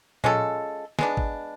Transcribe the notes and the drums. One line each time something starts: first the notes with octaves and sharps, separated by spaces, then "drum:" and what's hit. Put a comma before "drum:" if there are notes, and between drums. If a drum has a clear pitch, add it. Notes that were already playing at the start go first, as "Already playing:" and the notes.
G#3 C#4 F4 A4, drum: tom A#2
G#3 B3 D4, drum: snare
drum: kick